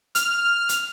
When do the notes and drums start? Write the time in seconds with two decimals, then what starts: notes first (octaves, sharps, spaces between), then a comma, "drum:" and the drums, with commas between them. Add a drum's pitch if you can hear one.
0.15 F6, drum: hi-hat
0.69 drum: hi-hat